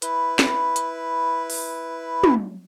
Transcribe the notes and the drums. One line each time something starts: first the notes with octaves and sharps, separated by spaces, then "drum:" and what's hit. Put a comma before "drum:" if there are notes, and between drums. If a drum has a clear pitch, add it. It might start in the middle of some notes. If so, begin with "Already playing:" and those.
E4 B4, drum: hi-hat
drum: snare
drum: hi-hat
drum: open hi-hat
drum: tom